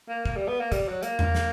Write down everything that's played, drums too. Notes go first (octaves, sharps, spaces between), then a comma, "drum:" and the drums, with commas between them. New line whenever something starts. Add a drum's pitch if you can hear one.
A#3
A#3, drum: kick
G3
B3
A#3
G3, drum: kick, hi-hat
F#3
A#3, drum: hi-hat
drum: tom E2
drum: snare